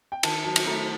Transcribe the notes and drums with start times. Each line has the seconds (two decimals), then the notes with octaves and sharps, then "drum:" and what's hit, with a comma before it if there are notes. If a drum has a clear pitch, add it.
0.12 G5
0.23 D#3 A5, drum: cymbal
0.44 F#3 A5
0.56 drum: cymbal
0.66 A3 A#5